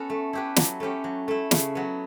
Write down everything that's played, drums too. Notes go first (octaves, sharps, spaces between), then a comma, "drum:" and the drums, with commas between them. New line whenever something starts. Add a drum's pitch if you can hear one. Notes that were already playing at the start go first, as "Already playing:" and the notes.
Already playing: B3 C#4 F#4 A4
A3
E4 G4 B4
F#3, drum: snare
A3 C#4 G4
F#3
A3 E4
C#3, drum: snare
F#3 B3